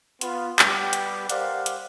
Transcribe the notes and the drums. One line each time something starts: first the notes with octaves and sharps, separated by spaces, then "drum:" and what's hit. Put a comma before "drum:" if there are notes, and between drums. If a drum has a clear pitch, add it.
B3 F4, drum: hi-hat
G3 B3 G4, drum: clap
drum: hi-hat
G4 A#4 C5 D5 F5 F#5, drum: hi-hat
drum: hi-hat